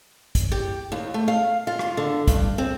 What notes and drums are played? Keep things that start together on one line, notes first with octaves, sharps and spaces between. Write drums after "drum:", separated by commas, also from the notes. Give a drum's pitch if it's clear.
drum: kick, hi-hat
G4
D#2
A3
F5
F4
drum: rim click
D3
G2, drum: kick, hi-hat
C4